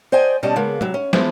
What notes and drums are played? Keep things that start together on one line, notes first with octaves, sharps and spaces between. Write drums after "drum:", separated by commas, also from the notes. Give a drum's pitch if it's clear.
C5 D5 D#5 G5 G#5
B2 G3 C#4 D5 D#5 A5
C#3 G#3 A#3 B3
C3 F#3, drum: tom G#3
C#4
E3 F3 G#3 B3, drum: snare